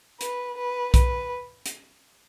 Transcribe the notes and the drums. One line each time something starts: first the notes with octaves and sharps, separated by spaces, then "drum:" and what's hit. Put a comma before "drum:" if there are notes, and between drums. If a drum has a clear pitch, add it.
B4, drum: hi-hat
B4
B4, drum: kick B1, hi-hat
drum: hi-hat